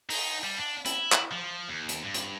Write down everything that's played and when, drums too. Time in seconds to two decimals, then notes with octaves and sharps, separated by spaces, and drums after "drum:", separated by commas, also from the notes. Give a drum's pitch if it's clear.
0.10 D#4, drum: open hi-hat
0.44 G3
0.58 D4
0.85 E4, drum: hi-hat
1.12 drum: clap
1.31 F3
1.69 D#2
1.89 drum: hi-hat
2.05 G2
2.14 drum: hi-hat